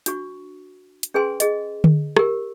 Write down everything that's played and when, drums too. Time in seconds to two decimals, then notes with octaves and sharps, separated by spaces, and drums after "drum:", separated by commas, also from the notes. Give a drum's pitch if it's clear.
0.06 D4 F#4 C#6, drum: hi-hat
1.03 drum: hi-hat
1.14 C#4 G#4 B4 G#5 C6
1.40 G#4 D#5, drum: hi-hat
1.84 drum: tom D3
2.17 G4 A#4, drum: rim click